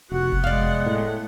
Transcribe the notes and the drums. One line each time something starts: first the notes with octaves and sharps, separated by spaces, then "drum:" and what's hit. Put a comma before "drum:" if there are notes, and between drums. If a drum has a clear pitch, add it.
F1 B3 F#4 F#5
drum: kick F#1
G#3 D5 F5
A2